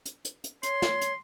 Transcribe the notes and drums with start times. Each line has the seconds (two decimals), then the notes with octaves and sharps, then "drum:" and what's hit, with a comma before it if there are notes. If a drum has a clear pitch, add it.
0.05 drum: hi-hat
0.25 drum: hi-hat
0.44 drum: hi-hat
0.63 C#5 C6, drum: hi-hat
0.82 drum: snare
1.01 drum: hi-hat